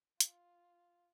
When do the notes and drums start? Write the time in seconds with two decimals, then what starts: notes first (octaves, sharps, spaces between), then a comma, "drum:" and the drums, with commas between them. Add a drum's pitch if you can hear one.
0.20 F4, drum: hi-hat